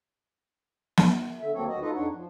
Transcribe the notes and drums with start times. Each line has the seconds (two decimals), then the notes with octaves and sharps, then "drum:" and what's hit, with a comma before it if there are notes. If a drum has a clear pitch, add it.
0.98 drum: snare
1.41 D3 E5
1.54 D2 F#3 A#3 C4 A4 C#5
1.68 D2 F#4 D#5
1.82 D#4 F4 A4 B4 D#5
1.95 F2 D4 D#4 C#5 F#5
2.14 F3